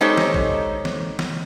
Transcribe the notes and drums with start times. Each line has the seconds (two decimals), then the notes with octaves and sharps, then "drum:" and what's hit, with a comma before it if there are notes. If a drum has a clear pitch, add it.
0.01 G#3 D#4 G4 A4 C5 C#5
0.17 drum: snare
0.34 drum: kick A1
0.85 drum: snare
1.19 drum: snare